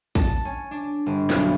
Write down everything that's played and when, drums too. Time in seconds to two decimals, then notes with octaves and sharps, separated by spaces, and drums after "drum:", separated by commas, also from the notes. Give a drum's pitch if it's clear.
0.15 A5, drum: kick
0.45 C#4
0.71 D4
1.06 G1
1.30 B1, drum: snare